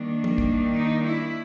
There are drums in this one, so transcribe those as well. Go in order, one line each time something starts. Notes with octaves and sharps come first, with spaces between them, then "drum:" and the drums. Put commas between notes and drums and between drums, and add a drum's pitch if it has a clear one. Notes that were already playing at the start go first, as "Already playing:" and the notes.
Already playing: D#3 G3 A#3 D4
drum: tom F3
drum: kick
D#4
E4